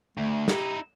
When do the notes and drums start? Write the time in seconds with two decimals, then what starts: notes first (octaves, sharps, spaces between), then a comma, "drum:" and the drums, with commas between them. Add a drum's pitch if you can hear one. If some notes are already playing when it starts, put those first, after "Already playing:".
0.18 D2 A3
0.48 D#4 E4 G4, drum: snare